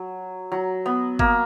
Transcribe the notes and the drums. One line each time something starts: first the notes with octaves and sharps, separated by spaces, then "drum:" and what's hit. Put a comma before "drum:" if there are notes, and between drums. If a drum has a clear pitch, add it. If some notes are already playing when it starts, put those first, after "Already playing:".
Already playing: F#3
F#3
B3
A#3, drum: kick G1